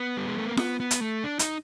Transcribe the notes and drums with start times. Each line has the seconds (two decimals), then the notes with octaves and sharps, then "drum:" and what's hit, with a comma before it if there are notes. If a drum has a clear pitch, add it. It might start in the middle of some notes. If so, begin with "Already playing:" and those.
Already playing: B3
0.17 G3
0.28 G#3
0.38 A3
0.48 A#3
0.57 B3, drum: snare F4
0.80 B3
0.91 drum: hi-hat
1.01 A3
1.24 D4
1.39 D#4, drum: hi-hat